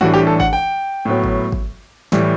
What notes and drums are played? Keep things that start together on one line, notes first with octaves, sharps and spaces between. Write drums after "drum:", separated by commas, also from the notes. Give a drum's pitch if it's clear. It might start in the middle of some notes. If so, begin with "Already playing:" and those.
A2 E3 G3 D4 F#4
G4
A4
F#5, drum: kick
G5
A2 F#3 B3
drum: kick
drum: kick
A2 E3 G3, drum: snare